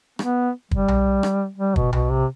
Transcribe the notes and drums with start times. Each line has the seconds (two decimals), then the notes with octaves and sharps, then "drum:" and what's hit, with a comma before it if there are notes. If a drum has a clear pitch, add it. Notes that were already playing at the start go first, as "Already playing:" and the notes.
0.19 B3, drum: rim click
0.71 G3, drum: kick
0.88 drum: tom B1
1.23 drum: rim click
1.58 G3
1.76 B2, drum: kick
1.93 B2, drum: tom B1
2.10 C3